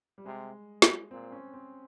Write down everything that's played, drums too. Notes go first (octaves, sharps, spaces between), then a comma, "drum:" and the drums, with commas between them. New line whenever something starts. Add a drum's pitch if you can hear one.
G3
C3 G#3
drum: snare
A#2 C4
C#4
C4